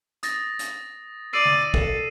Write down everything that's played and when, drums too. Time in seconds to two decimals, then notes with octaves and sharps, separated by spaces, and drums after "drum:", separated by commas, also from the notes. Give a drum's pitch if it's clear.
0.23 D#6 A6 A#6, drum: hi-hat
0.59 drum: hi-hat
1.33 D5 E6 C7 D#7
1.45 drum: tom D3
1.74 A4, drum: kick